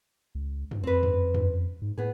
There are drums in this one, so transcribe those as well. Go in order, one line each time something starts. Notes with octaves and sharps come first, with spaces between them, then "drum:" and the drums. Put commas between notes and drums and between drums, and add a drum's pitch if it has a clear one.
C#2
drum: tom F#2
F2 C4 B4
drum: tom F#2
drum: tom F#2
G#2
A2 B3 G#4